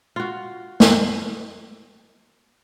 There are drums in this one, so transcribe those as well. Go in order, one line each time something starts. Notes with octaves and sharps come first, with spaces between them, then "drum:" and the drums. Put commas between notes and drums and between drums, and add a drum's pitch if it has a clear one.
F4 F#4
drum: snare